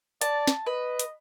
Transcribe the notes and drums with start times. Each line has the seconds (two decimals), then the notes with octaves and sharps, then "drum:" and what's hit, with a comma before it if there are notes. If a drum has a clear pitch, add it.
0.21 D5 A5, drum: hi-hat
0.47 drum: snare
0.66 B4 D#5
0.99 drum: hi-hat